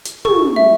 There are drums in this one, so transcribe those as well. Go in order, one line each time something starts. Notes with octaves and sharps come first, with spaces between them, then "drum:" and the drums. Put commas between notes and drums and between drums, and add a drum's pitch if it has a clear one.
drum: hi-hat
C#6, drum: tom
E5